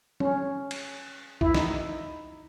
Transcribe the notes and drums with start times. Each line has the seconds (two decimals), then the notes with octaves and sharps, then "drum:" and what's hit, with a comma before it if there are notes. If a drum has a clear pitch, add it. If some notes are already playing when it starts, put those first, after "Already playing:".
0.20 C#4, drum: tom
0.71 drum: cymbal
1.41 E4, drum: kick
1.55 D#4, drum: snare